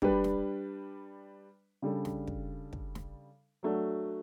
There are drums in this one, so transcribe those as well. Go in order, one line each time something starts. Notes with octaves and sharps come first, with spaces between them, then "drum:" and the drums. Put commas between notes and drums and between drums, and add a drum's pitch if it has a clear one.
G3 D4 G4 B4, drum: kick
drum: snare
C#3 G3 D4 A4
drum: snare
drum: kick
drum: kick
drum: snare
F#3 A3 D4 F#4